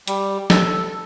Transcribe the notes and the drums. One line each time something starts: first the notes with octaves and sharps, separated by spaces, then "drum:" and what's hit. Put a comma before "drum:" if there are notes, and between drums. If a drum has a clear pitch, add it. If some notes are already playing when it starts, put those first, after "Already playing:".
G3, drum: hi-hat
A4, drum: snare